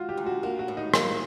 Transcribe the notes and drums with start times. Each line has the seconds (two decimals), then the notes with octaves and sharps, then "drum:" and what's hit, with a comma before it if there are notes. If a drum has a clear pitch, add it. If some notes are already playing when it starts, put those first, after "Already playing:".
Already playing: F4 F#4
0.09 G4
0.17 D2
0.26 F#4
0.43 A#3 F#4
0.59 F#4
0.68 A2
0.77 D#4
0.94 A#3, drum: rim click